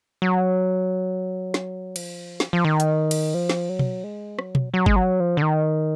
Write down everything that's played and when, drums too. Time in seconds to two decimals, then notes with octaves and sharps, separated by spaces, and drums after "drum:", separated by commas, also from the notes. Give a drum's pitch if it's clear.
0.22 F#3
1.54 drum: snare
1.96 F3, drum: cymbal
2.40 drum: snare
2.53 F3
2.65 D#3
2.80 drum: hi-hat
3.11 drum: cymbal
3.34 F3
3.50 drum: snare
3.69 F#3
3.79 drum: tom B2
4.04 G#3
4.39 F#3, drum: rim click
4.55 drum: tom B2
4.74 F#3
4.86 G#3, drum: kick
4.96 F#3
5.20 F3
5.37 D3
5.42 D#3